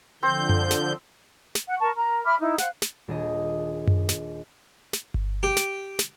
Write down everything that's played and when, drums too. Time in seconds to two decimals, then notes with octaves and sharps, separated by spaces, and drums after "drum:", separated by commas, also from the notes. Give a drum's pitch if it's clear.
0.23 D3 F3 C4 C5 G6
0.49 drum: tom F#2
0.71 drum: snare
1.55 drum: snare
1.68 F#5
1.79 A#4 A5 C#6
1.95 A#4 A#5
2.25 E5 B5 D6 F6
2.40 D#4 E4
2.58 C5 F5 F#5 F#6, drum: snare
2.82 drum: snare
3.08 D#1 D4 G#4 D#5
3.88 drum: tom F#2
4.09 drum: snare
4.93 drum: snare
5.14 drum: kick G1
5.43 G4
5.57 drum: snare
5.99 drum: snare